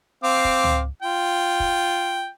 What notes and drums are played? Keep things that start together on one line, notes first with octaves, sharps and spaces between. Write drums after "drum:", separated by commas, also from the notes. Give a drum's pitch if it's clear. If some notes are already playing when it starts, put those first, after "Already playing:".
C4 F5 D6
drum: kick
drum: tom C#2
F4 G5
drum: kick